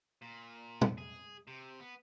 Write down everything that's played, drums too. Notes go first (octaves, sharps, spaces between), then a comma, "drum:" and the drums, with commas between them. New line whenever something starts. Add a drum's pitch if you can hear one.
A#2
drum: tom
G#4
C3
B3